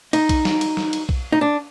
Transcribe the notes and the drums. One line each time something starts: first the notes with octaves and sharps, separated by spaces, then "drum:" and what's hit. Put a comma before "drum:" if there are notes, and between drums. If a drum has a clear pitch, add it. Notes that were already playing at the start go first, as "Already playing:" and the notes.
D#4, drum: cymbal
drum: kick B1, cymbal
drum: snare
drum: cymbal
drum: snare
drum: cymbal
drum: kick B1
D#4
D4